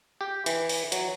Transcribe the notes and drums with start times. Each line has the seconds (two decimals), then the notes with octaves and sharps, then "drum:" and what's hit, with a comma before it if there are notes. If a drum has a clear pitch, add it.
0.21 G4
0.46 E3, drum: hi-hat
0.69 drum: open hi-hat
0.92 F#3, drum: hi-hat